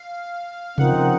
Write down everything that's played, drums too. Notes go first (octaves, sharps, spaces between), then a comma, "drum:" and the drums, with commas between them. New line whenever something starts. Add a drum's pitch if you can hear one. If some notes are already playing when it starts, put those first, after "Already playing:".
Already playing: F5
C#3 F3 C4 D#4 A#4 F#5, drum: tom C3